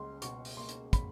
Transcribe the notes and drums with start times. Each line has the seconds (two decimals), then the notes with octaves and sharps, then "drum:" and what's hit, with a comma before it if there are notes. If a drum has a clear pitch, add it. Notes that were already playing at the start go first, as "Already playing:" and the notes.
Already playing: C#2 C6
0.22 B2 C#6, drum: hi-hat
0.45 drum: open hi-hat
0.57 A#3 C6
0.69 drum: hi-hat
0.93 B5, drum: kick, hi-hat